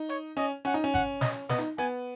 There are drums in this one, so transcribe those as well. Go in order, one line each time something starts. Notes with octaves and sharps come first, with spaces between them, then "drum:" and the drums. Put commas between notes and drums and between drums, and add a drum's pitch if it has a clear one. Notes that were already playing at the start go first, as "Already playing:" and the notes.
Already playing: D#4
C#5, drum: hi-hat
C#4 D#5, drum: hi-hat
C#4 F#5, drum: hi-hat
D#4
C#4
F#5, drum: kick G#1, hi-hat
D#5, drum: snare
B3 D#5, drum: snare
D#4
B3 G#5, drum: hi-hat